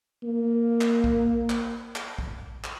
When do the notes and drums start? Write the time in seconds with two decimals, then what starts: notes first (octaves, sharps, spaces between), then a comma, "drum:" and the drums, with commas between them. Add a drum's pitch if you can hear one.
0.23 A#3
0.81 drum: clap
1.04 drum: kick A1
1.50 drum: clap
1.96 drum: clap
2.18 drum: kick A1
2.64 drum: clap